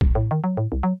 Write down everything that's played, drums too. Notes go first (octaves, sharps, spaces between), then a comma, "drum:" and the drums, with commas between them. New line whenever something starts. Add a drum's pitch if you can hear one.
D#1, drum: kick
A2
D#3
F#3
A2
C2
F#3